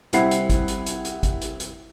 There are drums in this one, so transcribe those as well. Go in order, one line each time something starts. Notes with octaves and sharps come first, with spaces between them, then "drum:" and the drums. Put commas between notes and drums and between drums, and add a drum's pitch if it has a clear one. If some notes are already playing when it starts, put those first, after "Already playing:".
C2 C4 E4 F#5 C7, drum: hi-hat
drum: hi-hat
drum: kick G#1, hi-hat
drum: hi-hat
drum: hi-hat
drum: hi-hat
drum: kick G#1, hi-hat
drum: hi-hat
drum: hi-hat